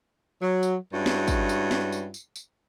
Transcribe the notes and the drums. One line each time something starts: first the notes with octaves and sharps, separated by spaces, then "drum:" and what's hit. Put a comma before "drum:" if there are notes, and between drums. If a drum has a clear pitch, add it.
F#3
drum: tambourine
G2 G#3 C#4 E4 F#4
drum: snare
drum: kick, tambourine
drum: tambourine
drum: snare
drum: tambourine
drum: tambourine
drum: tambourine